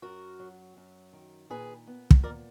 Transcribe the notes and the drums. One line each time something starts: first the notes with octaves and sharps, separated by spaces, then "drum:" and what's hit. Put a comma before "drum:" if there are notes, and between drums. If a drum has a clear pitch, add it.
F#2 F#4 A#4
F#3
F#2
D#3
A#2 G#4 B4
B3
drum: kick
A#2 A#4 D5